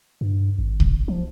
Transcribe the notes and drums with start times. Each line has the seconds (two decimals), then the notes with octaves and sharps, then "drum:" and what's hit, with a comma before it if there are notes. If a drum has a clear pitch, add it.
0.21 G2
0.58 G#1
0.80 drum: kick C2
1.08 F3